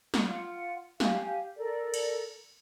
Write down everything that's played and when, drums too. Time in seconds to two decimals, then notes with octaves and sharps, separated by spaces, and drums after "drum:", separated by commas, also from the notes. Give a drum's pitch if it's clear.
0.14 F4 F#5, drum: snare
1.00 G4 F5 G#5, drum: snare
1.56 A4 A#4 D5
1.94 drum: cymbal